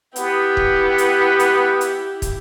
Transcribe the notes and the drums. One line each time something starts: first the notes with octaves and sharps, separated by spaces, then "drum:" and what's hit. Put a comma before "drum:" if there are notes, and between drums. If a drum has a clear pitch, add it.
B3 E4 G4, drum: hi-hat
drum: kick
drum: hi-hat
drum: hi-hat
drum: hi-hat
drum: kick, hi-hat